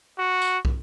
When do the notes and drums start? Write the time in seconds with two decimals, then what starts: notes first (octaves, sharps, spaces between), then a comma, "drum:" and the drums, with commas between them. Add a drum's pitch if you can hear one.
0.19 F#4
0.42 drum: tambourine
0.65 drum: kick